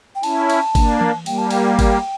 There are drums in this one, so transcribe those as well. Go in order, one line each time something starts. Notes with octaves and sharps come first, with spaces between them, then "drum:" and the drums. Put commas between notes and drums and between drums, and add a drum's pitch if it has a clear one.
G5
C#4 E4 A5, drum: cymbal
drum: cymbal
A#3 D4, drum: kick G1, cymbal
drum: tom E3
G3 A#3 G5, drum: cymbal
A5
G5, drum: cymbal
G5, drum: kick G1, cymbal